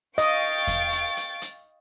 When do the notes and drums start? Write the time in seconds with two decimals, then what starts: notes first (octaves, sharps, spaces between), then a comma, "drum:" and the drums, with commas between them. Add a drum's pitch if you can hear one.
0.18 D#5 F5 G5 C#6 A6 D7, drum: hi-hat
0.67 drum: kick E2, hi-hat
0.92 drum: hi-hat
1.17 drum: hi-hat
1.42 drum: hi-hat